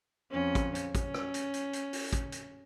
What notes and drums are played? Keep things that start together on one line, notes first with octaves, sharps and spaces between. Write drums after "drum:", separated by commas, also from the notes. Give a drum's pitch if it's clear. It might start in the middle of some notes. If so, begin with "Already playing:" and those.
F2 C#4
drum: kick, hi-hat
drum: hi-hat
C#4, drum: kick, hi-hat
drum: rim click
drum: hi-hat
drum: hi-hat
drum: hi-hat
drum: open hi-hat
drum: kick, hi-hat
drum: hi-hat